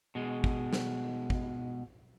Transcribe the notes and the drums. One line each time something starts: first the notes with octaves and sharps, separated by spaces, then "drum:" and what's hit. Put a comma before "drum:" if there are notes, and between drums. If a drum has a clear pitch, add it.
B2 G#3
drum: kick
drum: snare
drum: kick